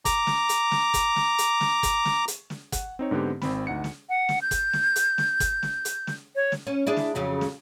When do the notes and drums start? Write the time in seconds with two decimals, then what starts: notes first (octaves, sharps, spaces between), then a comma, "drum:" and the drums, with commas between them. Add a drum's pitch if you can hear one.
0.05 A#5 D6, drum: kick, hi-hat
0.27 drum: snare
0.49 drum: hi-hat
0.71 drum: snare
0.94 drum: kick, hi-hat
1.16 drum: snare
1.38 drum: hi-hat
1.61 drum: snare
1.83 drum: kick, hi-hat
2.05 drum: snare
2.28 drum: hi-hat
2.50 drum: snare
2.72 F#5, drum: kick, hi-hat
2.99 C4 D#4 C#5
3.11 G#2 D3 B3 C4 G4
3.42 G#1 C4 B5, drum: snare
3.67 D2 D#4 F#5 C#7
3.84 drum: snare
4.09 F#5
4.29 drum: snare
4.42 G6
4.51 drum: kick, hi-hat
4.73 drum: snare
4.96 drum: hi-hat
5.18 drum: snare
5.40 drum: kick, hi-hat
5.63 drum: snare
5.85 drum: hi-hat
6.07 drum: snare
6.35 C#5
6.52 drum: snare
6.67 C#4
6.87 D4 E4 G#4
6.97 drum: snare
7.15 F2 C#3 F#3
7.41 drum: snare